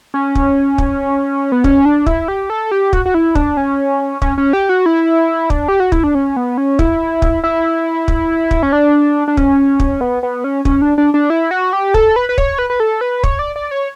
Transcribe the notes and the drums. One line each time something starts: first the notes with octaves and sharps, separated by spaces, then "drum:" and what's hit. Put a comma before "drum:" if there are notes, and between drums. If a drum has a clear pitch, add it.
C#4
drum: kick
drum: kick
B3
C#4, drum: kick
D4
E4, drum: kick
G4
A4
G4
F#4, drum: kick
F#4
E4
D4, drum: kick
C#4
C#4, drum: kick
C#4
G4
F#4
E4
D4, drum: kick
G4
F#4
E4, drum: kick
D4
C#4
B3
C#4
E4, drum: kick
drum: kick
E4
drum: kick
drum: kick
C#4
D4
D4
C#4, drum: kick
drum: kick
B3
B3
C#4
C#4, drum: kick
D4
D4
D4
E4
F#4
G4
A4, drum: kick
B4
B4
C#5, drum: kick
B4
B4
A4
B4
C#5, drum: kick
D5
D5
C#5